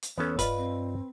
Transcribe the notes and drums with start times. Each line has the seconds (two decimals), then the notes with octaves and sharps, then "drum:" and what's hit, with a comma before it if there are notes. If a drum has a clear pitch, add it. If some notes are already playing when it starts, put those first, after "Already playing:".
0.03 drum: hi-hat
0.18 E2 B3 C#4 A4 C#5
0.39 G2 F4 B4 D5 D#5, drum: kick C#1, hi-hat
0.57 C4